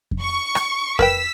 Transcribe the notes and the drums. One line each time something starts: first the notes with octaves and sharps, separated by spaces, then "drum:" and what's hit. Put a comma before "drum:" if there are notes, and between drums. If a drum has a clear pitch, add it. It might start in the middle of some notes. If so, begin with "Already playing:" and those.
drum: kick F2
C#6
drum: rim click
A#4 B4 G5 E6 B6, drum: kick F2